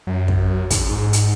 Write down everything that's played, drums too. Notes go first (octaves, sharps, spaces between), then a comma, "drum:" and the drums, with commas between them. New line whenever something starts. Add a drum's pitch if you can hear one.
F#2
drum: kick
G#2, drum: kick, hi-hat
F#2
G#2
drum: hi-hat